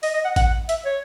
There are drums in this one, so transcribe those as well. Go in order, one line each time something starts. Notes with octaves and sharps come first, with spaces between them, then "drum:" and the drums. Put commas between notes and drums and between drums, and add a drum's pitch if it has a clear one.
D#5, drum: open hi-hat
D#5
F#5
F#5, drum: kick A1, hi-hat
E5, drum: hi-hat
C#5